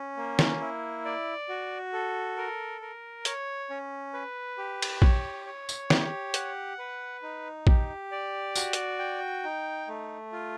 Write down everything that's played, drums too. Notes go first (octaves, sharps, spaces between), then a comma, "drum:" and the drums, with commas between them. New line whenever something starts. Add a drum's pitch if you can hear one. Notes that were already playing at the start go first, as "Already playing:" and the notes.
Already playing: C#4
A#3
drum: snare
E4
D5
F#4
A4
A#4
A#4
C#5, drum: hi-hat
C#4
B4
G4
drum: cymbal
C#5, drum: kick A#1
C#5
drum: tambourine
G4, drum: snare
F#5, drum: hi-hat
B4
D#4
G4, drum: kick A#1
D5
F#4, drum: tambourine
drum: hi-hat
G5
D#4
A3
F4